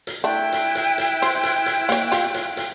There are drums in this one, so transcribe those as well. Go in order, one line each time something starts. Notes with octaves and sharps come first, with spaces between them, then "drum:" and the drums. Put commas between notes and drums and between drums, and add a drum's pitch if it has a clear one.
drum: hi-hat
A3 D4 E4 G5 F#6
drum: hi-hat
drum: hi-hat
drum: hi-hat
C5, drum: hi-hat
drum: hi-hat
drum: hi-hat
A#3 C#5, drum: hi-hat
F4 G4, drum: hi-hat
drum: hi-hat
drum: hi-hat